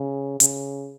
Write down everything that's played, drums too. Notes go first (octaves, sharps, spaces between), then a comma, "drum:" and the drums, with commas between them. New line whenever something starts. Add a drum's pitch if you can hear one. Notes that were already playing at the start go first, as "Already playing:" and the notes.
Already playing: C#3
C#3, drum: hi-hat